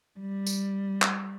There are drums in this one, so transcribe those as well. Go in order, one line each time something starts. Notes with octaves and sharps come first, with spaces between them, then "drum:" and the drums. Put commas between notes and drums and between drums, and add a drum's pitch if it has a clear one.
G3
drum: tambourine
drum: clap